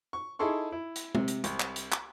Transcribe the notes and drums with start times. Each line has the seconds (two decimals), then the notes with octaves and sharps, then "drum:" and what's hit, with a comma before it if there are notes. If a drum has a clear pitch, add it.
0.13 C#6
0.39 D#4 E4 G#4 A4 C6 C#6
0.72 E4
0.96 drum: hi-hat
1.15 C3, drum: tom G#3
1.28 drum: hi-hat
1.44 C2, drum: hi-hat
1.60 drum: clap
1.76 drum: hi-hat
1.92 drum: clap